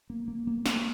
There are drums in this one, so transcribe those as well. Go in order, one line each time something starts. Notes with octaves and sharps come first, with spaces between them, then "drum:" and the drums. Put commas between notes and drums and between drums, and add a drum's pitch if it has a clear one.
A#3
A#3
A#3
A#3, drum: snare